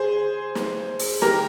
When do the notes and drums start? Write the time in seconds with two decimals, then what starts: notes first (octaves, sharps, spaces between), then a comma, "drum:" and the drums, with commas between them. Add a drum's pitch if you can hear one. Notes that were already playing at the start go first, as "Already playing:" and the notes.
Already playing: G#4 C5
0.55 drum: snare
1.00 drum: open hi-hat
1.22 G4 A#4, drum: snare